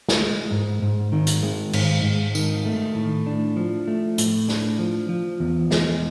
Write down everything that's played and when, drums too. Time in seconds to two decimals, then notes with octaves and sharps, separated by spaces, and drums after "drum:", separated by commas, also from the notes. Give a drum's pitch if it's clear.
0.09 drum: snare
0.21 G#3
0.51 G#2
0.82 G#2
1.12 D#3
1.27 drum: hi-hat
1.43 G#3
1.73 G#2, drum: cymbal
2.04 G#2
2.35 D#3, drum: tambourine
2.65 A3
2.95 A2
3.27 D4
3.57 F3
3.88 A3
4.18 A2, drum: hi-hat
4.48 D4, drum: snare
4.79 F3
5.09 F3
5.40 E2
5.71 G#3, drum: snare